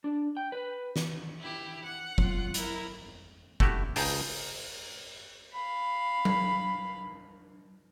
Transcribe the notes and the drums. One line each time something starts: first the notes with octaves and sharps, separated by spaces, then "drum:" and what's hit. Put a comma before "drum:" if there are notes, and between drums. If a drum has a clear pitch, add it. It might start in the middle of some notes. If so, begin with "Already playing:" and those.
D4
G5
B4
drum: snare
E4 G4
F#5
F#3 F4, drum: kick
E4 A#4, drum: hi-hat
A3 E4 F#4 G4, drum: kick
C#2 D#4 G#4 G5 A5, drum: open hi-hat
F5 B5
drum: tom F#3